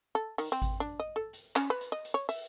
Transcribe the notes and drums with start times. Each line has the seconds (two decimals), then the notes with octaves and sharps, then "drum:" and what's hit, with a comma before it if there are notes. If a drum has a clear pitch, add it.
0.15 A4
0.38 D#3, drum: open hi-hat
0.52 C4
0.62 drum: kick G#1, hi-hat
0.80 D4
1.00 D#5
1.16 A4
1.33 drum: hi-hat
1.56 C#4, drum: clap
1.70 B4
1.81 drum: hi-hat
1.92 D#5
2.05 drum: hi-hat
2.14 C#5
2.29 E5, drum: open hi-hat